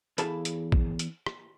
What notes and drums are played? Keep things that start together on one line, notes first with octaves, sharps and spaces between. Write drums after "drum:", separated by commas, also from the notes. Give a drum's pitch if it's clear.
E2 E4 G#4 A4 F5 A5, drum: hi-hat
drum: hi-hat
drum: kick
drum: hi-hat
drum: rim click